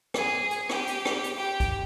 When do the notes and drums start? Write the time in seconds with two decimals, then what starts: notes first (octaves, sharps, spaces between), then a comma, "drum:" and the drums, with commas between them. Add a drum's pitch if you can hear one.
0.14 G#4, drum: rim click
0.51 drum: hi-hat
0.69 G4, drum: rim click
0.87 drum: hi-hat
1.05 drum: rim click
1.24 drum: hi-hat
1.36 G4
1.60 drum: kick C2, hi-hat